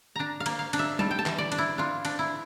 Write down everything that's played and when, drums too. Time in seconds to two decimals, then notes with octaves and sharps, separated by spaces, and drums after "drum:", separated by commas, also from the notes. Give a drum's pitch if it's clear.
0.16 D4 A5 A#5
0.40 F5
0.46 A#3, drum: cymbal
0.59 F5
0.73 D4, drum: cymbal
0.79 E5
0.99 G3 A5, drum: tom G3
1.11 G5
1.19 A5
1.26 E3, drum: clap
1.38 D5
1.52 D4, drum: cymbal
1.58 E4
1.78 D4 F4
2.05 D4, drum: cymbal
2.19 E4